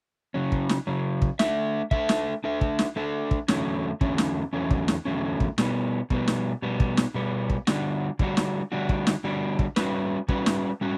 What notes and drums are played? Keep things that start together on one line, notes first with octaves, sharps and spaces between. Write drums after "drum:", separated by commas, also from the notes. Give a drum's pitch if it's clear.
C#3 F#3 C#4
drum: kick
drum: snare
C#3 F#3 C#4
drum: kick
A3 D4 A4 E5, drum: snare
A3 D4 A4 E5, drum: kick
drum: snare
A3 D4 A4 E5
drum: kick
drum: snare
A3 D4 A4 E5
drum: kick
E2 D3 F#3 A3 C#4, drum: snare
E2 D3 F#3 A3 C#4, drum: kick
drum: snare
E2 D3 F#3 A3 C#4
drum: kick
drum: snare
E2 D3 F#3 A3 C#4
drum: kick
B2 G3 B3, drum: snare
B2 G3 B3, drum: kick
drum: snare
B2 G3 B3
drum: kick
drum: snare
B2 G3 B3
drum: kick
D3 G3 D4 F#4, drum: snare
D3 G3 D4 F#4, drum: kick
drum: snare
D3 G3 D4 F#4
drum: kick
drum: snare
D3 G3 D4 F#4
drum: kick
G3 C#4 F#4 B4, drum: snare
G3 C#4 F#4 B4, drum: kick
drum: snare
G3 C#4 F#4